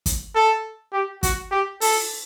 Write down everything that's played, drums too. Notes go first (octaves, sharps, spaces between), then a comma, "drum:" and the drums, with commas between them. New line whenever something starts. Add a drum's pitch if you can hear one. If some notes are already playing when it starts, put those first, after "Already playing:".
drum: kick, hi-hat
A4
G4
F#4, drum: kick, hi-hat
G4
A4, drum: open hi-hat